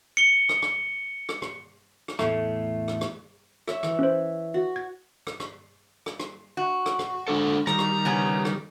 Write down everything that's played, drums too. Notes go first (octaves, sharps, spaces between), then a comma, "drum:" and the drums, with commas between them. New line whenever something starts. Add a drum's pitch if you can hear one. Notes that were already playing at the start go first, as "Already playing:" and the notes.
C#7 G7
drum: rim click
drum: rim click
drum: rim click
drum: rim click
drum: rim click
E2 A2 A3, drum: rim click
drum: rim click
drum: rim click
C#5 E5, drum: rim click
E3, drum: rim click
C#4 C5
F#4
G#6
drum: rim click
drum: rim click
drum: rim click
drum: rim click
F#4
drum: rim click
drum: rim click
G#3 D4 A4
D#3 G3 A#5, drum: rim click
drum: rim click
C#3 B3 C#4
drum: rim click